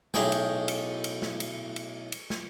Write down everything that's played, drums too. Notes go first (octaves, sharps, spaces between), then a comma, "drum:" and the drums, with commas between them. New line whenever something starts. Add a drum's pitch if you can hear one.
B1 A2 G#4 G5, drum: snare
drum: cymbal
drum: cymbal
drum: cymbal
drum: snare
drum: cymbal
drum: cymbal
drum: cymbal
drum: snare